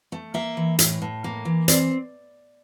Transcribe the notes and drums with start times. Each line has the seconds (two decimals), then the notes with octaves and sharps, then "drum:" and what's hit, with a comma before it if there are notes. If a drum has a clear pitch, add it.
0.12 A3
0.34 A#3 E5
0.57 E3
0.79 A2, drum: hi-hat
1.02 A2
1.24 A#3
1.45 E3
1.68 C4 D5, drum: hi-hat